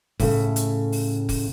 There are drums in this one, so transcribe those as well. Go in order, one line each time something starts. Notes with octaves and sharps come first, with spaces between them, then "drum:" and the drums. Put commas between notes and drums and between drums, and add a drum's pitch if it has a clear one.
A2 C#3 A3, drum: kick F1, open hi-hat
drum: hi-hat
drum: open hi-hat
drum: kick F1, open hi-hat